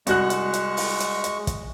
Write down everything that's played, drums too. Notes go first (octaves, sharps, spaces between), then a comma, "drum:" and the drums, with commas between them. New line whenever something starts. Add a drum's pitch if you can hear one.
C2 G#3 F#4 C#6 F#6, drum: hi-hat
drum: hi-hat
drum: hi-hat
drum: open hi-hat
drum: hi-hat
drum: hi-hat
drum: kick, hi-hat